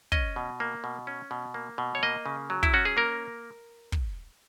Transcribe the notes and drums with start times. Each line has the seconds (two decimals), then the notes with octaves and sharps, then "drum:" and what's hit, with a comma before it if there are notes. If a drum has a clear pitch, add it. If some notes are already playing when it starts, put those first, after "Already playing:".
0.12 C#4 D#5, drum: kick
0.36 B2
0.60 A#3
0.84 B2
1.07 C#4
1.31 B2
1.54 A#3
1.78 B2
1.95 C#5
2.03 A#3 D#5
2.26 C#3
2.50 F#3
2.63 E4, drum: kick
2.74 C#4 F#4
2.85 G#4
2.97 A#3 A#4
3.92 drum: kick